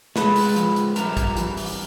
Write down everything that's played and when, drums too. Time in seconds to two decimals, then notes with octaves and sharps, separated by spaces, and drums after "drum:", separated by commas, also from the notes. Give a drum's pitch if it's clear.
0.16 G#3 B4, drum: snare
0.36 drum: open hi-hat
0.56 F3, drum: hi-hat
0.76 drum: hi-hat
0.96 G3 A#4, drum: hi-hat
1.17 drum: kick, hi-hat
1.37 E3, drum: hi-hat
1.57 drum: open hi-hat